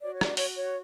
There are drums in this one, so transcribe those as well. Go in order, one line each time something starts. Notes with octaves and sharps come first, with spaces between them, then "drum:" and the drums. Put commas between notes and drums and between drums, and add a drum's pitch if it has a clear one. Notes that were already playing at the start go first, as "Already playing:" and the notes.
F#4 C#5 D5
C#5
D5, drum: rim click
C#5, drum: open hi-hat
C#5